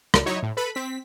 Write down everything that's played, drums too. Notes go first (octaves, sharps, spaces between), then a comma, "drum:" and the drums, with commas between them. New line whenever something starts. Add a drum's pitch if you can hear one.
C#2, drum: rim click
F#3 D#4 E4 C#5
A2
A4 B4 B5
C4 B6